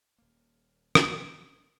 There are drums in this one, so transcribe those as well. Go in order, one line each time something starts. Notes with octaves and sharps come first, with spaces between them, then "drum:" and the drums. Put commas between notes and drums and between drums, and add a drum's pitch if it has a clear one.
D#1 A#3
drum: rim click